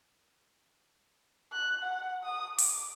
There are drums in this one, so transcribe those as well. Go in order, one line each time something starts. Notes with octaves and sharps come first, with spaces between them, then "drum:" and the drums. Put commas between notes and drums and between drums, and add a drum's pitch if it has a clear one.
F#6
F#5
D#6
D6, drum: open hi-hat